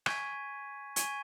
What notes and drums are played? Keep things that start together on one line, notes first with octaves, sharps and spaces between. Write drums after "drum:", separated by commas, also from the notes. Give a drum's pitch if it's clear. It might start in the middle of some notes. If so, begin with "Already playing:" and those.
G#5 C#6 G#6 B6 D#7, drum: rim click
G#5 C#6 G#6 B6 D#7, drum: hi-hat